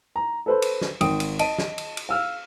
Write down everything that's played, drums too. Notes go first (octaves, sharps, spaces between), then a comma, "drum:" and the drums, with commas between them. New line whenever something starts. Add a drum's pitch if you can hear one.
A#5
A4 B4 C5
drum: cymbal
drum: snare
G#1 G5 D#6 D7, drum: cymbal
drum: cymbal
D#5 A5 D7 D#7, drum: cymbal
drum: snare
drum: cymbal
drum: cymbal
F5 E6 F6